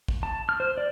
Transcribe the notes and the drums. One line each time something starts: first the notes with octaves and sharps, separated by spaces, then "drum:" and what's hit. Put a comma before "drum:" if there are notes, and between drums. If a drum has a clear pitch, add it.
drum: kick
A5
F6
C5
D5